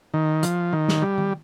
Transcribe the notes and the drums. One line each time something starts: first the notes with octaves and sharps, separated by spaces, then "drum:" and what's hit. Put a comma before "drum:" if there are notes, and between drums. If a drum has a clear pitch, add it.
D#3
F3, drum: hi-hat
D#3
drum: snare
G3
drum: tom D#3